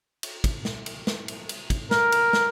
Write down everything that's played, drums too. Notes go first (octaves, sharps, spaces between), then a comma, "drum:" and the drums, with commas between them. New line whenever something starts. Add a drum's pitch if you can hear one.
drum: cymbal
drum: kick, cymbal
drum: snare
drum: cymbal
drum: snare
drum: cymbal
drum: cymbal
drum: kick, cymbal
A#4, drum: snare
drum: cymbal
drum: snare